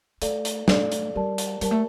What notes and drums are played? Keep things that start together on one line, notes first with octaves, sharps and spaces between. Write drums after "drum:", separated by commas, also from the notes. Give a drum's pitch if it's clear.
A3 A4 D5 F5, drum: hi-hat
drum: hi-hat
A3 A4 D5 F5, drum: snare
drum: hi-hat
G3 G4 A#4 D5 A5
drum: hi-hat
G3 G4 A#4 D5 A5, drum: hi-hat
A3